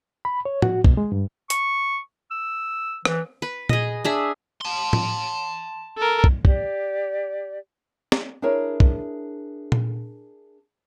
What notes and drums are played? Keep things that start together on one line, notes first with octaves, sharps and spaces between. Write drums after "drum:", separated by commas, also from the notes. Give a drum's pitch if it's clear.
B5
C#5
F#4, drum: tom
B2, drum: kick
G#3
G2
C#6, drum: hi-hat
E6
E3, drum: rim click
B4
G#4 D#5, drum: tom A#2
D4 G#4 E5
A5 C6
drum: tom
A4 A#4
drum: kick
G4 D5, drum: kick
drum: snare
D4 E4 G#4 A#4 C#5
drum: kick
drum: tom A#2